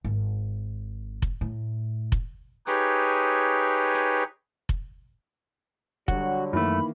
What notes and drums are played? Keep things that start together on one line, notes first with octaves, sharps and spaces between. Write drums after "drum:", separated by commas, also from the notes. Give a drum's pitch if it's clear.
G#1
drum: kick F1
A2
drum: kick F1
D#4 G4 G#4 B4 C#5, drum: hi-hat
drum: hi-hat
drum: kick F1
D3 F#3 G3 F#4 C#5, drum: kick F1
F#2 D#3 E3 A3 A#3 B5